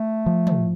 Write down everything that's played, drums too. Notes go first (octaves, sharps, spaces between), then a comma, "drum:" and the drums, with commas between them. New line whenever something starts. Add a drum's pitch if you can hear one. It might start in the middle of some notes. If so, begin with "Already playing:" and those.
Already playing: A3
F3
drum: tom